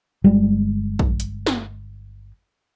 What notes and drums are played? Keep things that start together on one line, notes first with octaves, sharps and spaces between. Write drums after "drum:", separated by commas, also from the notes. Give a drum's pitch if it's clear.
G1 G3 G#3
drum: kick A#1
drum: hi-hat
drum: snare